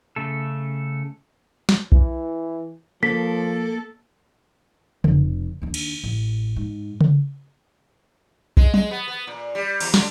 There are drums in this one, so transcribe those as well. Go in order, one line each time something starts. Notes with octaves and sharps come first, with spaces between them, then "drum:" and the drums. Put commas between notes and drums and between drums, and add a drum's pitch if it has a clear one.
C#3 A3 A4
drum: snare
E3, drum: kick B1
F3 A#3 A4 B6
F1, drum: tom C#3
D#2 D4
drum: cymbal
A1
G#2
drum: tom C#3
G#3, drum: kick B1
G#3, drum: tom F#3
B3
B3
A#2
G3
E2, drum: cymbal
D3, drum: snare